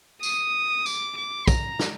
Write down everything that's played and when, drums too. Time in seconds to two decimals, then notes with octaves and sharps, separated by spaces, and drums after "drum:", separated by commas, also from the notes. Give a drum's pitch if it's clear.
0.23 D#6, drum: tambourine
0.86 D6, drum: tambourine
1.17 D6
1.48 A#5, drum: kick, tambourine
1.79 drum: snare